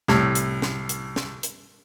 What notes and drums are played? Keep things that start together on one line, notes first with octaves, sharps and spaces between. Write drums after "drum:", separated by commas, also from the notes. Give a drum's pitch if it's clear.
C2 A2, drum: snare
drum: hi-hat
drum: snare
drum: hi-hat
drum: snare
drum: hi-hat